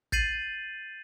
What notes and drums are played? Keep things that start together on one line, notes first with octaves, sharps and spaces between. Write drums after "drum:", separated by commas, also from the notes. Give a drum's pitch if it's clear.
G6 A6 C7 D#7 F#7, drum: kick